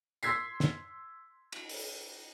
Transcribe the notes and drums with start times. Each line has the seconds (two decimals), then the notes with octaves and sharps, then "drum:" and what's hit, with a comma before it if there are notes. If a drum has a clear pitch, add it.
0.23 C6 E6 G#6 B6 C7, drum: tambourine
0.60 drum: snare
1.52 drum: cymbal
1.69 drum: open hi-hat